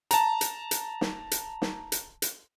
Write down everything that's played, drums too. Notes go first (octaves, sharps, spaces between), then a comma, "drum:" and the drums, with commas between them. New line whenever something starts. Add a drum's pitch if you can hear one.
A5 A#5, drum: hi-hat
drum: hi-hat
drum: hi-hat
drum: snare
drum: hi-hat
drum: snare
drum: hi-hat
drum: hi-hat